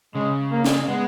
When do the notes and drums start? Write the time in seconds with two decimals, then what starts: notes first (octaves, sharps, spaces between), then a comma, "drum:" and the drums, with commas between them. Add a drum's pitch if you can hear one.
0.15 C#3 G#3
0.51 A#3
0.64 drum: snare
0.87 G#3 B3